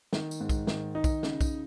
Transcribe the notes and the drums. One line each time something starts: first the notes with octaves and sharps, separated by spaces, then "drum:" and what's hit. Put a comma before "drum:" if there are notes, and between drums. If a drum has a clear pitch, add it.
D#3, drum: snare
drum: tambourine
G#2
drum: kick B1, tambourine
D#3, drum: snare
D#4
drum: kick B1, tambourine
C#3, drum: snare
drum: kick B1, tambourine